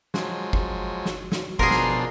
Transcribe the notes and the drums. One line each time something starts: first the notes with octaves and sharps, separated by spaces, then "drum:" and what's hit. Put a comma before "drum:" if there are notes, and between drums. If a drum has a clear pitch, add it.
F3 F#3 G#3, drum: snare
drum: kick G1
drum: snare
drum: snare
B2 F3 D4 G#4 A#4 C6, drum: kick G1
drum: snare